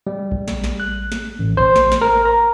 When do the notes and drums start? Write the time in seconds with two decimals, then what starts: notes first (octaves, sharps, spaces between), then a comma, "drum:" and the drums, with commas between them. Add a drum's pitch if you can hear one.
0.07 G3
0.32 drum: kick A#1
0.48 drum: snare
0.64 drum: snare
0.80 F#6
1.12 drum: snare
1.39 A1
1.57 C5, drum: kick A#1
1.76 drum: snare
1.92 drum: snare
2.02 A#4
2.25 A#5